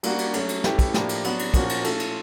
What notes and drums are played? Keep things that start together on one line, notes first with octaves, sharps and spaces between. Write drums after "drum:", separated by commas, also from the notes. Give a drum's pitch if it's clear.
G3 A#3 D4 F#4, drum: cymbal
drum: cymbal
F#3 A3 C#4, drum: cymbal
drum: cymbal
A3 C#4 E4 G4 B4, drum: snare
drum: kick, cymbal
A2 F3 A#3 D4 G4, drum: snare
drum: cymbal
F#3 B3 D4 F#4, drum: cymbal
drum: cymbal
A#2 F3 A#3 C#4 F#4, drum: kick, cymbal
drum: cymbal
A3 C#4 F4 A4, drum: cymbal
drum: cymbal